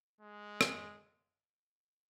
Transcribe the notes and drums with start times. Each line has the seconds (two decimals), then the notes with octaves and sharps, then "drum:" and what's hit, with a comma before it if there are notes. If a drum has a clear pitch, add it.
0.21 G#3
0.61 drum: rim click